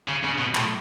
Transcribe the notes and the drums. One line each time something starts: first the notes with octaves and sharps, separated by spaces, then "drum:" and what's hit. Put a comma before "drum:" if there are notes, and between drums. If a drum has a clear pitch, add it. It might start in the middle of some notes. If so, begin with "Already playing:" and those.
C#3
C#3
B2
A2, drum: clap